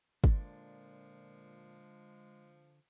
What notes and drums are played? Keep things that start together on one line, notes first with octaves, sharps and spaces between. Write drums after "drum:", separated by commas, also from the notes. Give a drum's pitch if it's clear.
A#2 D3 F3 G#3 D4, drum: kick